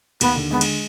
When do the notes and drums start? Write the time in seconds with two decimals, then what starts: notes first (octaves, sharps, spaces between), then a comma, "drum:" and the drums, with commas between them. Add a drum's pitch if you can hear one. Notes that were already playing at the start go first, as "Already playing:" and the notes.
0.21 D#2 B3, drum: cymbal
0.36 D3
0.51 G#3 B3
0.61 drum: cymbal